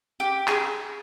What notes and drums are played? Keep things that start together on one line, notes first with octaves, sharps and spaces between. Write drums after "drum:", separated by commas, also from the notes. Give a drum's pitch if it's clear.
G4
G#4, drum: clap